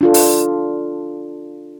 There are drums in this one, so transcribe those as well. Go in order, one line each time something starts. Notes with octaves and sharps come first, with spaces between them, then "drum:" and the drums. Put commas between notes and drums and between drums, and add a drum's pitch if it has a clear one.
D4 F4 A4
drum: open hi-hat